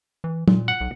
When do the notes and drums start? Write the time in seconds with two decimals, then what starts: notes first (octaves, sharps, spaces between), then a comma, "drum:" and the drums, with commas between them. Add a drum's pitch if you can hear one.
0.24 E3
0.48 A#2, drum: tom
0.68 F#5
0.81 B1